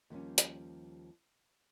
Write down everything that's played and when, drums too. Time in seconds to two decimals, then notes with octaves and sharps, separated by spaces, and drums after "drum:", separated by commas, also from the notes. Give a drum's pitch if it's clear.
0.10 D#2 F3 G3 C#4
0.38 drum: hi-hat